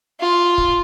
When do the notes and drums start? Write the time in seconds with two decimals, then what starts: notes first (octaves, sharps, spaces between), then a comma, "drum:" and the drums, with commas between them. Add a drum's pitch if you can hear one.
0.20 F4
0.58 drum: kick